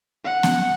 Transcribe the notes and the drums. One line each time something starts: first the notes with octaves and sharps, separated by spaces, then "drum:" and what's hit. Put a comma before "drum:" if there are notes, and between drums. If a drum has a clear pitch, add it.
F#5
drum: snare B3